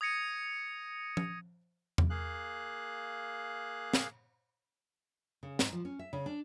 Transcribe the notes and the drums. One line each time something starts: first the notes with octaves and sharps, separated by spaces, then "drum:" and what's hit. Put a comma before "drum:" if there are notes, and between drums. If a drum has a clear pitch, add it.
D#6 G#6 A#6 C#7 D#7
drum: tom F3
drum: tom E2
A#3 G#4 F5 F#6
drum: snare
C#3
G#2, drum: snare
F3
C#4
E5
C#3
D4